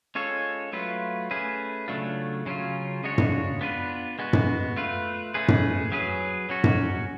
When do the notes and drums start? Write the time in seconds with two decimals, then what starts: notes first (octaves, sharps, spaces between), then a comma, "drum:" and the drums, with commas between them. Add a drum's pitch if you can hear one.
0.15 G#3 C#4 F4 A4 C#5
0.73 F#3 A3 F4 B4
1.31 A3 C#4 G#4 B4
1.88 C#3 F#3 A3 D4 F4
2.46 C#3 F#3 C#4 F4
3.04 C#3 G#3 D4 F#4 C#5
3.18 drum: tom F#2
3.61 B3 D4 F4 B4
4.19 G#3 B3 F#4
4.33 drum: tom F#2
4.76 A3 F4 B4
5.34 A3 C#4 G#4 B4
5.48 drum: tom F#2
5.92 F#3 C#4 G#4 B4
6.50 F#3 C#4 F#4
6.64 drum: tom F#2